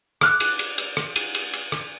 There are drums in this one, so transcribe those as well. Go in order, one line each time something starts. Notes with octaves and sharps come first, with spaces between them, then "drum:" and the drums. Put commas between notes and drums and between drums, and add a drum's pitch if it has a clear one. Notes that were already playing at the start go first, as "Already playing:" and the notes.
D6 F6 F#6, drum: rim click
drum: cymbal
drum: cymbal
drum: cymbal
drum: rim click
drum: cymbal
drum: cymbal
drum: cymbal
drum: rim click